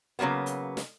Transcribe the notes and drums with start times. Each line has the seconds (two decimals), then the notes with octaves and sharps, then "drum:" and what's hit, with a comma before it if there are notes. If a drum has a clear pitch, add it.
0.19 C#3 F#3 G#3 A#3 B3
0.46 drum: hi-hat
0.77 drum: snare